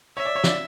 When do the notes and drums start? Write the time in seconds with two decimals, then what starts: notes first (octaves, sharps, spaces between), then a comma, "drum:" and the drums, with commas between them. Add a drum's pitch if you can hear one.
0.17 C#5 E5
0.25 D5
0.35 C#5
0.44 D5, drum: snare